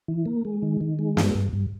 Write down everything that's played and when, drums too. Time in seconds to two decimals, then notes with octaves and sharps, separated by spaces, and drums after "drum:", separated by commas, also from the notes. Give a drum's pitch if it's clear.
0.08 E3
0.26 A#3
0.45 G#3
0.62 D#3
0.81 D#3
0.99 G#3
1.17 G2, drum: snare
1.35 G2
1.53 G2